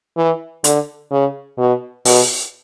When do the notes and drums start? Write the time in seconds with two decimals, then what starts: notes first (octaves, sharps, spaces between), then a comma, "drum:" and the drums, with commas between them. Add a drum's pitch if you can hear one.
0.17 E3
0.64 D3, drum: hi-hat
1.11 C#3
1.58 B2
2.05 B2, drum: open hi-hat